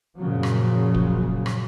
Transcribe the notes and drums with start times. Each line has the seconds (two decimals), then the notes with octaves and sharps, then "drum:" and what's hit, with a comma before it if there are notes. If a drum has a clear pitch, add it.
0.18 F#2 A#2 C#3 F3 F#3
0.43 drum: rim click
0.94 drum: kick
1.46 drum: rim click